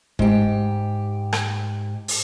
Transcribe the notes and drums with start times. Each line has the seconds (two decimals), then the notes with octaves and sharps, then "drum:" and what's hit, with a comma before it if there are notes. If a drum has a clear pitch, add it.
0.19 G#2 G4, drum: kick
1.33 drum: rim click
2.08 drum: open hi-hat